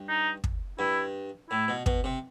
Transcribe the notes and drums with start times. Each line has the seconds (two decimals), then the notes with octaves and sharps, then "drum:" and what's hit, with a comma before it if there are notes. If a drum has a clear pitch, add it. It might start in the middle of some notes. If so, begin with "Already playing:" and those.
Already playing: G2
0.09 D#4
0.44 drum: kick
0.79 G2 E4
1.50 A2 E4
1.68 B2
1.86 B2, drum: kick
2.04 C3